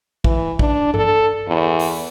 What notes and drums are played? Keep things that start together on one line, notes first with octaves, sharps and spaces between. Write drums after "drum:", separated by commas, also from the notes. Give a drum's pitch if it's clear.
E3, drum: kick
D4, drum: kick
A4, drum: tom G2
E2
drum: open hi-hat